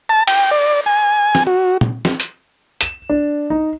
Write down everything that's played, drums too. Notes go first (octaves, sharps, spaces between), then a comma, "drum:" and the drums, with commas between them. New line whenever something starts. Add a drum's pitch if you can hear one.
A5
G5, drum: cymbal
D5
G#5
drum: snare
F#4
drum: tom
drum: snare
drum: hi-hat
E7, drum: hi-hat
D4
D#4